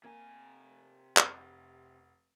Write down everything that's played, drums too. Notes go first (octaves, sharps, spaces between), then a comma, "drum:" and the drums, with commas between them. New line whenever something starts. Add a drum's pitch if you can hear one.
C3 A#3 G#5
F1, drum: clap